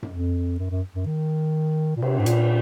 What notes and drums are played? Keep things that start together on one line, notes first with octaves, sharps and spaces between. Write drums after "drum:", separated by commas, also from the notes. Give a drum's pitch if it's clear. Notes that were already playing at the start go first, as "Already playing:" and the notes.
drum: tom F#2
F2
F#2
F#2
F#2
D#3
A#2
C3, drum: cymbal
G#2
A#2, drum: hi-hat